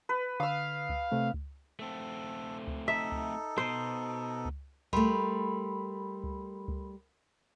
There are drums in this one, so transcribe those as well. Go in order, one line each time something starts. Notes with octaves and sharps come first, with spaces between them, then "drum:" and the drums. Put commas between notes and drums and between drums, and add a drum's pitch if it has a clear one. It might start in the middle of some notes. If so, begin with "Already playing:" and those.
B4
D3 F5 D#6 E6
drum: kick C#2
C3 A3 C4
drum: kick C#2
A3 C4 A4
drum: kick C#2
D#4 A4 E5
drum: kick C#2
B2 C5
drum: kick C#2
G3 A3 A#4 B5 C6, drum: kick C#2
drum: kick C#2
drum: kick C#2